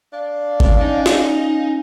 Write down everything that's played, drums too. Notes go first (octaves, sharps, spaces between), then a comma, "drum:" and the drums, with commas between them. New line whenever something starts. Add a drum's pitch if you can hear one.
D4 F5
C2 C#3 G#3, drum: kick G1
C#4 D#4
drum: snare